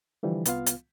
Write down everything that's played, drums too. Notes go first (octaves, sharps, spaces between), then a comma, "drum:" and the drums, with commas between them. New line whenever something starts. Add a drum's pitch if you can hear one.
D3 E3 F3 G3
C2 B3 F4 F5, drum: hi-hat
drum: hi-hat